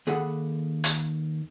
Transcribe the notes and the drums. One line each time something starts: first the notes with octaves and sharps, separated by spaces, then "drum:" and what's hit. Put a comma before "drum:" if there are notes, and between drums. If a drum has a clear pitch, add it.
D#2 G#4 A4 F#5 B5
drum: hi-hat